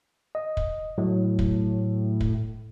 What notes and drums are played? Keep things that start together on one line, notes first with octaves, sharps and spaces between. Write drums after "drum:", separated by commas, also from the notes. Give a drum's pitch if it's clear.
D#5
drum: kick
A2 F#3
drum: kick
drum: kick